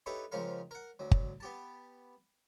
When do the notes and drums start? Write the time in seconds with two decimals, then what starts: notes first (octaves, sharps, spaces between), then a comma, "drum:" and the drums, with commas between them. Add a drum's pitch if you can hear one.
0.06 D#4 E4 G4 A4 B4 C#5
0.32 F2 G#2 C#3 C#4 A#4 F5
0.71 A#4 F#5
0.99 D2 F#3
1.11 drum: kick G1
1.40 B3 G4 A5